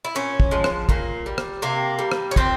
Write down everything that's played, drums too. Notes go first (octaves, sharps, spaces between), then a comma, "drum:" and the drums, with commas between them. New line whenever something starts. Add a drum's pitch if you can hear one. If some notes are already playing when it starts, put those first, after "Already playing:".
E4
A#2 C#4
drum: kick
F3 G#3
drum: rim click
A#2 A#3, drum: kick
G3
drum: rim click
C3 A#3
G3
drum: rim click
C#4
A#2 C4, drum: kick